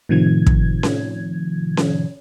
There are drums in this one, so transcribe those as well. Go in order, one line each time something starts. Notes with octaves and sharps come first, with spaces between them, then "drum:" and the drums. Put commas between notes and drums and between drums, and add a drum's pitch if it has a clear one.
A2 C3 D#3 F3 G#6
drum: kick
drum: snare C#4
drum: snare C#4